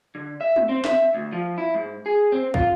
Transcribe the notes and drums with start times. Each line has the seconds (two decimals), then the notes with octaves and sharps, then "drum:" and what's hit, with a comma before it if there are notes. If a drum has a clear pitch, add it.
0.15 D3
0.41 E5
0.56 drum: tom
0.69 C4
0.85 E5, drum: snare
1.14 D2
1.33 F3
1.58 E4
1.74 G#2
2.06 G#4
2.32 C4
2.54 F4, drum: kick